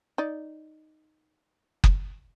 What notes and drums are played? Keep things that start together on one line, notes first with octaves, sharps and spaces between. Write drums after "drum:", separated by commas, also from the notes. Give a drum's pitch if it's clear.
D#4 D5
drum: kick F#1